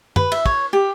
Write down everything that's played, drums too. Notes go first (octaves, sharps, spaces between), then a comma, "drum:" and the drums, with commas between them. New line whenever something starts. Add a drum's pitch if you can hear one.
B4, drum: tom F#2
E5, drum: cymbal
C#5, drum: kick
G4